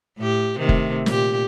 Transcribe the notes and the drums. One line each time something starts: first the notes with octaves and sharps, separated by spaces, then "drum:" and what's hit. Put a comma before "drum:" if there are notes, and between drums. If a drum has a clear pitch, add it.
A2 G4
C3 D#3 A3
drum: kick F1
A#2 G4, drum: snare